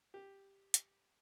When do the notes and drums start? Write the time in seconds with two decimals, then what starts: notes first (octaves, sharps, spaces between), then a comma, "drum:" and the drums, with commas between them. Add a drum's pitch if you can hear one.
0.14 G4
0.74 drum: hi-hat